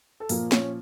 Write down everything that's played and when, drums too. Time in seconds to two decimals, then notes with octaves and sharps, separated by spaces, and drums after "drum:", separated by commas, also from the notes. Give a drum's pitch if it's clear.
0.20 A4
0.29 A#2 F3 A#3 A#4, drum: open hi-hat
0.52 C#4 C#5, drum: snare